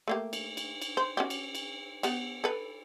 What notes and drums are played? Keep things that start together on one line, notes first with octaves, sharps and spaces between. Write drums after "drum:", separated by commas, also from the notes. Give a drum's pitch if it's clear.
A3 A#3 G4
drum: cymbal
drum: cymbal
drum: cymbal
C5
C#4 F#4 G4
drum: cymbal
drum: cymbal
B3 G4, drum: cymbal
A4 B4